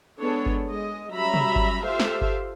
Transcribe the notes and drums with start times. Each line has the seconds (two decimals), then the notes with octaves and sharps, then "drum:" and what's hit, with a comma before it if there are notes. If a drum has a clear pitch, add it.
0.19 G#3 B3 D4 A4 C#5
0.46 drum: kick G1
0.68 G#3 D#5
1.12 F#3 G3 C#4 E5 A#5 B5
1.34 drum: tom
1.56 drum: kick G1
1.85 F4 G4 A4 C5 E5 F5
2.00 drum: snare
2.21 drum: kick G1